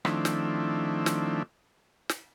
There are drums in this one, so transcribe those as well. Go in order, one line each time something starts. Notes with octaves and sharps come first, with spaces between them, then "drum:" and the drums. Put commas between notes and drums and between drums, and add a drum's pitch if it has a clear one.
D#3 F3 A3 C4 D4 E4, drum: rim click
drum: snare
drum: snare
drum: snare